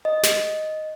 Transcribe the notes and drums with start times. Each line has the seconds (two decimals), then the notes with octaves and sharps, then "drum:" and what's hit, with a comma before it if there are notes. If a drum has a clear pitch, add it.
0.05 D#5
0.23 drum: snare